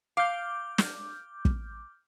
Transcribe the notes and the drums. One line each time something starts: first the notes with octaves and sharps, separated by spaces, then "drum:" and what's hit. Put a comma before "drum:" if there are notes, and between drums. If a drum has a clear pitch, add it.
F5 D6 F6 G6
drum: snare
drum: kick